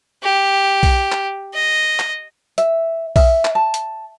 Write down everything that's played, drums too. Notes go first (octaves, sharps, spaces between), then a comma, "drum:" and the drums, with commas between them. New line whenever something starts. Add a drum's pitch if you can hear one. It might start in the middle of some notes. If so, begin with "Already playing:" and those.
G4
drum: kick B1, open hi-hat
drum: clap
D#5
drum: clap
E5, drum: hi-hat
E5, drum: kick B1, open hi-hat
drum: clap
A5
drum: hi-hat